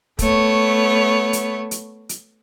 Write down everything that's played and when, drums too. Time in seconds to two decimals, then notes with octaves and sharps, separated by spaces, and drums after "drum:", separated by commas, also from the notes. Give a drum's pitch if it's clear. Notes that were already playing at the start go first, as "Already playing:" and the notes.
0.19 A3 B3 C#5, drum: kick, hi-hat
1.33 drum: hi-hat
1.71 drum: hi-hat
2.09 drum: hi-hat